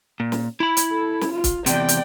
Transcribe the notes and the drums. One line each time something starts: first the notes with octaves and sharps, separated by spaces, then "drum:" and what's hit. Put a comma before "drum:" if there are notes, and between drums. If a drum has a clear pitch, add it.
A#2
drum: snare
E4 B5
drum: hi-hat
A4
drum: snare
F4
drum: kick, hi-hat
E2 C3 D5 G5, drum: hi-hat
drum: hi-hat